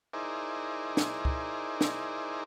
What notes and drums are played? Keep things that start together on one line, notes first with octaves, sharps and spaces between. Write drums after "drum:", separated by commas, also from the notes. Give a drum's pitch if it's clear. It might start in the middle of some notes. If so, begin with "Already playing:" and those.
D#4 E4 G#4 A#4 C5 D5
drum: snare
drum: kick C#2
drum: snare